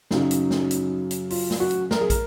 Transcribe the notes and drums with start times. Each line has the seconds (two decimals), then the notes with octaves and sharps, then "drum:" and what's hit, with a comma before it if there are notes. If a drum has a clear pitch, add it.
0.11 F#2 C#3 F#3 D#4, drum: snare
0.31 drum: hi-hat
0.51 drum: snare
0.71 drum: hi-hat
1.11 drum: hi-hat
1.30 F4, drum: open hi-hat
1.51 drum: snare
1.60 F#4
1.71 drum: hi-hat
1.91 A#4, drum: snare
2.00 G#4
2.10 A#4, drum: kick, hi-hat